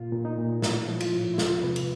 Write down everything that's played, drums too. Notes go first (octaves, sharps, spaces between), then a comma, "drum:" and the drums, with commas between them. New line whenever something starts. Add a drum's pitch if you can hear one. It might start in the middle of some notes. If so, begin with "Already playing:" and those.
Already playing: A#2 F4
A#2
D#4
A#2
A2 E4, drum: snare
F3
F4, drum: cymbal
A2
E4
E2 F4, drum: snare
C3 B4
drum: cymbal